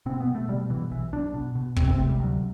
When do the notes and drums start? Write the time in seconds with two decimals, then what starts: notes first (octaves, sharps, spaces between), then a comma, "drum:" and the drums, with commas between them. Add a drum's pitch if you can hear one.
0.06 B2 C4
0.20 B3
0.27 B2
0.35 A3
0.49 B2 G3
0.70 B2 E3
0.91 B1 E3
1.12 B1 D4
1.34 B2
1.55 B2
1.76 C3 C4, drum: kick
1.88 C4
1.98 C3 A3
2.09 G3
2.19 D2 F#3